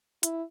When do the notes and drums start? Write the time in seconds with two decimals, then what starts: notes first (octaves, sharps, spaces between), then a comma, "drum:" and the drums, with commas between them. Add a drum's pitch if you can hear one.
0.23 E4, drum: hi-hat